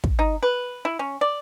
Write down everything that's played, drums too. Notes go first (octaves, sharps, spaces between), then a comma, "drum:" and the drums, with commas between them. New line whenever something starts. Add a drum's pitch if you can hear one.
drum: kick
D#4
B4
E4
C#4
D5